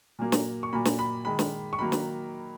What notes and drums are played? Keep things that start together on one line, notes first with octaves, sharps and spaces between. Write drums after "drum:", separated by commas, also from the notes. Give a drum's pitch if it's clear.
A#2 F#3 A#3
drum: snare
C#6
A#2 F#3 A#3 B5
drum: snare
B5
D#3 G#3 B5
drum: snare
C#6
D#3 F#3 A#3 B5
drum: snare